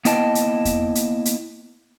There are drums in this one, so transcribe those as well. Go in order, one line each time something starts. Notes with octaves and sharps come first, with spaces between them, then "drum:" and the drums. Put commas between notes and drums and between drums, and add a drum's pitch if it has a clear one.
A#3 B3 E4 D#5 G5 A5, drum: hi-hat
drum: hi-hat
drum: kick E2, hi-hat
drum: hi-hat
drum: hi-hat